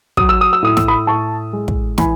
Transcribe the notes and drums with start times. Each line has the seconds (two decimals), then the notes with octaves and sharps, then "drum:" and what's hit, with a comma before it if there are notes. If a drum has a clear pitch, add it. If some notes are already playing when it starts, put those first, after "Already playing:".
0.17 F#3 D#6, drum: kick
0.29 E6
0.41 D#6
0.53 E6
0.62 A2 D#6
0.77 E6, drum: snare
0.88 B5 D#6
1.07 A2 A5 C#6
1.53 G#3
1.68 drum: kick
1.98 E3 G#5 B5, drum: snare